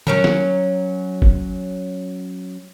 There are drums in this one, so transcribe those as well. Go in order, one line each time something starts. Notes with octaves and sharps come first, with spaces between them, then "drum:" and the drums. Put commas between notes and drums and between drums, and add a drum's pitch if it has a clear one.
F#3 C#4 A#4, drum: tom D3
drum: snare
drum: kick F#1